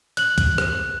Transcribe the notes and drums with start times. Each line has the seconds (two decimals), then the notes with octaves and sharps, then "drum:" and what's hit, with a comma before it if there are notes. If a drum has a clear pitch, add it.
0.17 F#6 F#7, drum: hi-hat
0.38 drum: kick, hi-hat
0.58 drum: rim click